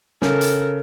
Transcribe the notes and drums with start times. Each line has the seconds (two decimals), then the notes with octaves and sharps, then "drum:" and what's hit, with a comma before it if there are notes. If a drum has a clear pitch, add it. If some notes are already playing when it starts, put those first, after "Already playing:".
0.22 C#3 A4 A#4, drum: snare
0.41 drum: hi-hat